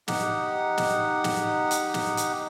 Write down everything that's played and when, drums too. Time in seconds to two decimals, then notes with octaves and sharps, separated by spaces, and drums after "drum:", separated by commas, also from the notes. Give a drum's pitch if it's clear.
0.08 D#4 G4 F#5, drum: snare
0.78 drum: snare
1.24 drum: snare
1.71 drum: hi-hat
1.94 drum: snare
2.17 drum: hi-hat